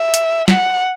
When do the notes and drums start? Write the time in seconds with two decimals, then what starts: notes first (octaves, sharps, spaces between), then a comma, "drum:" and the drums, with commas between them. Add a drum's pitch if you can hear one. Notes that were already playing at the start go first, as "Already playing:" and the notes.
Already playing: E5
0.14 drum: hi-hat
0.48 F#5, drum: snare